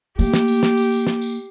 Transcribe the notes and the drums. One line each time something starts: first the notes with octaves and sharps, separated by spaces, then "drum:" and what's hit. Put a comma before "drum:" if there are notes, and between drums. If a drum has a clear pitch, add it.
A3 A#3 G4, drum: tambourine
drum: snare
drum: tambourine
drum: snare
drum: tambourine
drum: tambourine
drum: snare
drum: tambourine